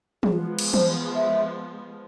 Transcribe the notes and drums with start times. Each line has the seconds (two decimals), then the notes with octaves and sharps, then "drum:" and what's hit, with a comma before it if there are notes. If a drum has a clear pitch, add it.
0.23 G#4, drum: tom E3
0.32 F3 G#3 B3 F4
0.59 drum: cymbal
0.74 C5, drum: tom E3
1.15 E5